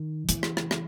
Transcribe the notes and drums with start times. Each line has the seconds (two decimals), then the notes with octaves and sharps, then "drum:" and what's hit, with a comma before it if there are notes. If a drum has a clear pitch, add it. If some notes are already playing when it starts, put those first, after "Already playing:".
Already playing: D#3
0.29 E3, drum: hi-hat
0.43 drum: rim click
0.57 drum: rim click
0.71 drum: rim click